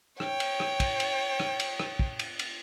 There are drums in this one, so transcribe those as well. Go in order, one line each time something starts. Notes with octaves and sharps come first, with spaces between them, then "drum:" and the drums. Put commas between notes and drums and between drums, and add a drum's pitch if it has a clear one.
C#5 G5, drum: rim click
drum: cymbal
drum: rim click
drum: kick, cymbal
drum: cymbal
drum: rim click
drum: cymbal
drum: rim click
drum: kick
drum: cymbal
drum: cymbal